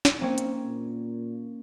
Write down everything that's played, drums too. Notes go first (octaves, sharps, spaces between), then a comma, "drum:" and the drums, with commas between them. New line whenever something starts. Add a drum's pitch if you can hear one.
drum: snare
A#3 C4 C#4
drum: hi-hat
A#2